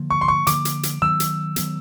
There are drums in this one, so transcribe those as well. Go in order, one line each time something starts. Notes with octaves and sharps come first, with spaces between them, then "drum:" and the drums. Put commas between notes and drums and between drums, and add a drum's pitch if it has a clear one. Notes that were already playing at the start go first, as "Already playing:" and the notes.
Already playing: D3 F3 A#3
C#6
C6
C#6
D3 F3 A#3 D6, drum: hi-hat
drum: hi-hat
drum: hi-hat
D#3 F#3 B3 E6
drum: hi-hat
D#3 F#3 B3, drum: hi-hat